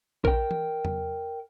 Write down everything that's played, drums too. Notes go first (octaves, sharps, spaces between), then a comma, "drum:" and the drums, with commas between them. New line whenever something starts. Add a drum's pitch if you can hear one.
A#4 G5, drum: kick A#1
drum: tom E3
drum: tom